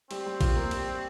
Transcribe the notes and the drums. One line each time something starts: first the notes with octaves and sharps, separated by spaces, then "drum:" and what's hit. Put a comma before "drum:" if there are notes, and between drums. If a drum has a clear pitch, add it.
G3 C4, drum: cymbal
G3
F4, drum: kick A#1, cymbal
A#3
G3, drum: cymbal
G3